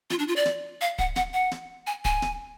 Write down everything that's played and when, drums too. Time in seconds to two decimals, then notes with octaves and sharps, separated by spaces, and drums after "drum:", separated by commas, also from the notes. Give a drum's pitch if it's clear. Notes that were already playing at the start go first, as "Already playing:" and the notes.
0.10 F4, drum: snare
0.19 D4
0.28 F4
0.36 D5
0.45 drum: snare
0.81 F5
0.99 F#5, drum: kick
1.16 F#5, drum: snare
1.34 F#5
1.51 drum: snare
1.87 G#5
2.05 G#5, drum: kick
2.22 drum: snare